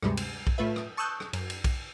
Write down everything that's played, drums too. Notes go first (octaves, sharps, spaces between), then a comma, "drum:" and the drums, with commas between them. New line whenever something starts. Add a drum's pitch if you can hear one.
D2 G2 C3 G3 G#3, drum: rim click
drum: cymbal
drum: kick B1
A2 A3 F4 B4 E5
drum: rim click
A5 C#6 D#6 E6 F#6 G6
drum: rim click
F#2, drum: cymbal
drum: cymbal
drum: kick B1, cymbal